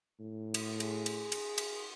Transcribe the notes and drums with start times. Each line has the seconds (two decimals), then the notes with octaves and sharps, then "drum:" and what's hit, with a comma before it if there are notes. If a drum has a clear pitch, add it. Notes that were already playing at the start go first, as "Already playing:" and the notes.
0.20 A2
0.54 drum: cymbal
0.80 G#4, drum: cymbal
1.06 drum: cymbal
1.32 drum: cymbal
1.58 drum: cymbal